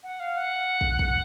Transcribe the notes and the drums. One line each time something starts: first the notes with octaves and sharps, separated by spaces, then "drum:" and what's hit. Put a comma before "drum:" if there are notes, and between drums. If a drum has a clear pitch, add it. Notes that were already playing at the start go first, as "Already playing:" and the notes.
F#5
F5
F#5
drum: kick
drum: kick